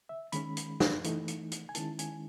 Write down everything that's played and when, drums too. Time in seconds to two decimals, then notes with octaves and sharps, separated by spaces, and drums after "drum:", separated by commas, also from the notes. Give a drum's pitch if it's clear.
0.09 E5
0.32 D#3 G#3 C#4 B5, drum: hi-hat
0.57 drum: hi-hat
0.80 drum: snare
1.04 E3 A3 D#4, drum: hi-hat
1.28 drum: hi-hat
1.52 drum: hi-hat
1.69 G#5
1.75 D#3 G#3 C#4 E4 A5, drum: hi-hat
1.99 G#5, drum: hi-hat